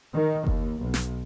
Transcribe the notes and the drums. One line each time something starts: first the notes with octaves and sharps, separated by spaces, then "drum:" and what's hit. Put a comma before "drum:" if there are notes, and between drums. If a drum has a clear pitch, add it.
D#3
D#2, drum: kick F#1
B1
drum: snare